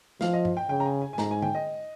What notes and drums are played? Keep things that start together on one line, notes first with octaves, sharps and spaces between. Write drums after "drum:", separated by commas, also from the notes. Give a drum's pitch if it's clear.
F3 F5, drum: snare
D#5
drum: tom G2
G5
C#3 G5
A#5
G#5
G#5
G#5
G#2 A#5, drum: snare
G#5
G5, drum: tom D3
D#5